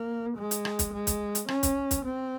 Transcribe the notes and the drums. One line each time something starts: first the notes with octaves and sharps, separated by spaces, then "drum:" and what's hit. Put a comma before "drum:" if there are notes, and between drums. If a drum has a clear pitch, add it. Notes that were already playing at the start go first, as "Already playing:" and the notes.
Already playing: A#3
G#3
drum: hi-hat
drum: rim click
drum: kick, hi-hat
G#3
drum: kick, hi-hat
drum: hi-hat
C#4, drum: rim click
drum: kick, hi-hat
drum: kick, hi-hat
C4